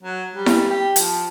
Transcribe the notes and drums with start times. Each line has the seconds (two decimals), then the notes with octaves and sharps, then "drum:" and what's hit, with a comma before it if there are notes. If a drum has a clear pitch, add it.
0.03 F#3
0.34 G3
0.46 drum: snare E4
0.69 G4
0.96 F3, drum: hi-hat